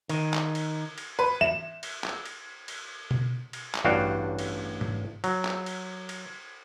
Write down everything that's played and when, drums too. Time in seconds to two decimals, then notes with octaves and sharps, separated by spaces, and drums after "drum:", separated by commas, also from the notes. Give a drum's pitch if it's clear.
0.09 D#3, drum: cymbal
0.34 drum: clap
0.55 drum: cymbal
0.98 drum: cymbal
1.19 B4
1.41 E5 E7, drum: tom E3
1.83 drum: cymbal
2.04 drum: clap
2.25 drum: cymbal
2.68 drum: cymbal
3.11 drum: tom B2
3.53 drum: cymbal
3.75 drum: clap
3.85 A1 G2 D4 F#4 F5 G5
4.39 drum: cymbal
4.81 drum: tom
5.24 F#3, drum: cymbal
5.45 drum: clap
5.66 drum: cymbal
6.09 drum: cymbal